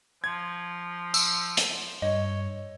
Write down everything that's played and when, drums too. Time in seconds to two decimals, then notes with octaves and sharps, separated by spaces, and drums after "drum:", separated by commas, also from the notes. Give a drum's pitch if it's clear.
0.24 F3 G#6
1.14 E6, drum: tambourine
1.57 drum: hi-hat
2.02 G2 C#5 D#5